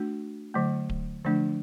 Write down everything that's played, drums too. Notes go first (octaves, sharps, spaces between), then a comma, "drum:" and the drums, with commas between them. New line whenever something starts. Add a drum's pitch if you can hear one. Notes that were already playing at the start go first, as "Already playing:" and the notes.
Already playing: A3 D4 F#4
D3 F#3 A3
drum: kick D1
D3 F3 A3 D4